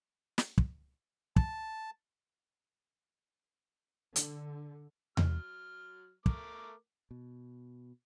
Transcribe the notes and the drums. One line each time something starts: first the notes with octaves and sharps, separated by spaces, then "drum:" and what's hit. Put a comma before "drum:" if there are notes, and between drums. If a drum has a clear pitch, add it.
drum: snare
drum: kick
A5, drum: kick
D3, drum: hi-hat
F#3 F6, drum: tom E2
A3 A#4 D6, drum: kick
B2